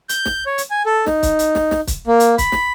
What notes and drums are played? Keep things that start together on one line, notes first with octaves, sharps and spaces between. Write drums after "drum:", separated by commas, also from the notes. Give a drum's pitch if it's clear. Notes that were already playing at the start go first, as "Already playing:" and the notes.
G6, drum: hi-hat
drum: snare
C#5
drum: hi-hat
G#5
A4
D#4, drum: snare
drum: kick, hi-hat
drum: hi-hat
drum: snare
drum: snare
drum: kick, hi-hat
A#3
drum: hi-hat
B5, drum: kick, hi-hat
drum: snare